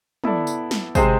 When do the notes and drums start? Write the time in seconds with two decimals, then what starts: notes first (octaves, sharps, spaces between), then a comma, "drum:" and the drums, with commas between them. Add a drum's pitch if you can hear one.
0.24 B3 E4 A4 D5, drum: tom
0.47 drum: tambourine
0.71 drum: snare
0.95 C3 G#3 C4 G#4 C5, drum: kick, tambourine